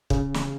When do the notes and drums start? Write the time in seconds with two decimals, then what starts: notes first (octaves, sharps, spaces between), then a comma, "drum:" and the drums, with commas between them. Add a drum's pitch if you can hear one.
0.10 C#3, drum: kick
0.34 drum: snare